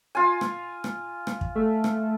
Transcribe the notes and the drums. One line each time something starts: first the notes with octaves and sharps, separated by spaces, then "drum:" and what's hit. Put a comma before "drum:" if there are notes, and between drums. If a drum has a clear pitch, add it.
F4 G#5
drum: rim click
drum: rim click
drum: rim click
drum: kick
A3
drum: rim click